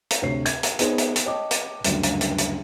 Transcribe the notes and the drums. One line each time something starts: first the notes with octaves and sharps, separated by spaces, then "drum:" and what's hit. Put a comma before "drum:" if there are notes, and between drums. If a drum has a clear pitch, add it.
drum: hi-hat
D2 C3 C#5 C7
G#6, drum: hi-hat
drum: hi-hat
B3 D#4 G#4 C5 C#5, drum: hi-hat
drum: hi-hat
drum: hi-hat
C#5 D#5 G5 A5 D6
drum: hi-hat
F#1 D2 G2, drum: hi-hat
drum: hi-hat
drum: hi-hat
drum: hi-hat